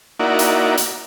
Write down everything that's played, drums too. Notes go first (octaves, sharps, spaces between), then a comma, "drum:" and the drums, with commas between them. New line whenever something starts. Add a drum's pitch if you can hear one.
A#3 D#4 E4 F#4 D5
drum: hi-hat
drum: hi-hat